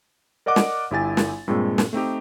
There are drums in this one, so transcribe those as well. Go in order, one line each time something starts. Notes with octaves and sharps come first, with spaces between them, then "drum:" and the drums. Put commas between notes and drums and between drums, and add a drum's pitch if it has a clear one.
A#4 D5 D#5 F#5 D6
drum: snare
G1 E4 G4 G#5 A6
drum: snare
G2 A#2 G#3 C4
drum: snare
A3 C4 D#4 G4